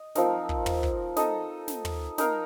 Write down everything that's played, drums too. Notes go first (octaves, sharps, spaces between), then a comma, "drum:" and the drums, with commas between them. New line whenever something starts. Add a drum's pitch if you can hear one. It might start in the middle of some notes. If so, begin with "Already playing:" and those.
Already playing: D#5
F3 C4 D#4 A#4, drum: snare
drum: kick
drum: tom
drum: kick
D#4 A4 D#5, drum: snare
drum: snare
drum: tom
D#4 A#4 F5, drum: snare